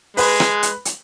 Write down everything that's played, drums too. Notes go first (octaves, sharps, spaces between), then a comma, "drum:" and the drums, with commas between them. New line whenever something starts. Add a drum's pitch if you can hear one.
G#3 B4, drum: open hi-hat
drum: rim click
drum: hi-hat
drum: hi-hat